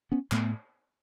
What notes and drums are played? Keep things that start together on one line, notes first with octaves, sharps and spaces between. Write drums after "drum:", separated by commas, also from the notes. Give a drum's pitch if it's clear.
B3 C#4
A2 A3 B3, drum: clap